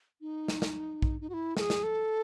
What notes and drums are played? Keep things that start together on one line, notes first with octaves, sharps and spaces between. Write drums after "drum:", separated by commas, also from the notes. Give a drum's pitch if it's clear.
D#4
drum: snare
drum: snare
drum: kick A#1
D#4
F#4
E4
A4, drum: snare
G#4
drum: snare
A4